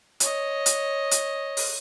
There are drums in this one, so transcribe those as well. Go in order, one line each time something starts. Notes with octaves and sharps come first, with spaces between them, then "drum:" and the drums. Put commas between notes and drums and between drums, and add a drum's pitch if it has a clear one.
C#5 D#5, drum: hi-hat
drum: hi-hat
drum: hi-hat
drum: open hi-hat